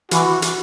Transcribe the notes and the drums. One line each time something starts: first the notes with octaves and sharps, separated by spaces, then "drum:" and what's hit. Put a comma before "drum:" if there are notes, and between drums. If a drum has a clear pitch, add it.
E3 F#4, drum: hi-hat
drum: hi-hat